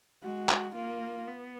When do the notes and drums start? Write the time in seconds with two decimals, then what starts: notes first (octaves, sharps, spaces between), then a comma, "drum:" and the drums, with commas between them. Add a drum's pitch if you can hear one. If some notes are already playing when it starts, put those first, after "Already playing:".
0.23 G#3 F#4
0.49 drum: clap
0.74 A#3 F4
1.28 B3